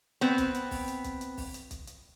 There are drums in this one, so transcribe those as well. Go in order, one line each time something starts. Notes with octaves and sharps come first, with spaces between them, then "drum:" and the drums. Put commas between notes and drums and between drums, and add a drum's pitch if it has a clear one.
B3 C4, drum: hi-hat
drum: kick, hi-hat
drum: hi-hat
drum: kick, open hi-hat
drum: hi-hat
drum: kick, hi-hat
drum: hi-hat
drum: kick, open hi-hat
drum: hi-hat
drum: kick, hi-hat
drum: hi-hat